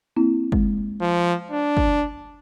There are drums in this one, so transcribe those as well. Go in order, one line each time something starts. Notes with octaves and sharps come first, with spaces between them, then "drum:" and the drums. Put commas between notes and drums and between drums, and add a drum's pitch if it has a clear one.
A#3 C4 E4
G#3, drum: kick
F3
D4
drum: kick